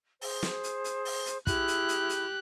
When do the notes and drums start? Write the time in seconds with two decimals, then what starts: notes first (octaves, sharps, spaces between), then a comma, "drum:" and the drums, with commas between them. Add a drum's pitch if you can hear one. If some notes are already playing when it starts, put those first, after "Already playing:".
0.21 G#4 C5, drum: open hi-hat
0.43 drum: snare
0.63 drum: hi-hat
0.84 drum: hi-hat
1.05 drum: open hi-hat
1.26 drum: hi-hat
1.47 E4 G4 G#4 F#6, drum: kick, hi-hat
1.68 drum: hi-hat
1.88 drum: hi-hat
2.09 drum: hi-hat